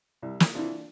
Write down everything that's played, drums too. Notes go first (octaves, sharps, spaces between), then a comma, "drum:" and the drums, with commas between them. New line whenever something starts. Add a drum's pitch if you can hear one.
C2 E4
drum: snare
C3 E3 D4 F4